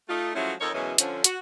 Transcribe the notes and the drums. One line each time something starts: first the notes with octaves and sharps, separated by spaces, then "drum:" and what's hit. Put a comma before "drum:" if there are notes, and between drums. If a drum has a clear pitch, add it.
A3 D#4 F4
F3 F#3 G#3 A3 C#4 E4
F2 D#4 A4 A#4 C#5
F#2 B2 E3 G#3 C#4
D3 F3 C#4, drum: hi-hat
F#4, drum: hi-hat